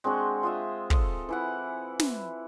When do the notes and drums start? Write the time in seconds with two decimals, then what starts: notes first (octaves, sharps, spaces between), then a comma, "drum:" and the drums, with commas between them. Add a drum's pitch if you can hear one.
0.04 G#3 C4 D4 F#4
0.43 F4 D#5 E5
0.90 A4 D#5, drum: kick
1.29 E3 E4 F#5
2.00 drum: snare